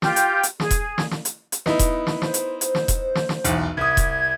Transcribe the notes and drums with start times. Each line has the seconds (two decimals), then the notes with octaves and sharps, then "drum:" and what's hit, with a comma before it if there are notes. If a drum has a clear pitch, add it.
0.02 F4 G4 G5 G6, drum: snare
0.16 drum: hi-hat
0.43 drum: hi-hat
0.60 G#4, drum: snare
0.71 drum: kick E1, hi-hat
0.98 drum: snare
1.11 drum: snare
1.25 drum: hi-hat
1.52 drum: hi-hat
1.66 B3 D#4 E4, drum: snare
1.79 drum: kick E1, hi-hat
2.07 drum: snare
2.22 C5, drum: snare
2.34 drum: hi-hat
2.61 drum: hi-hat
2.75 drum: snare
2.88 drum: kick E1, hi-hat
3.15 drum: snare
3.29 drum: snare
3.44 B1 E2, drum: hi-hat
3.77 C2 D#6 G#6
3.97 drum: kick E1, hi-hat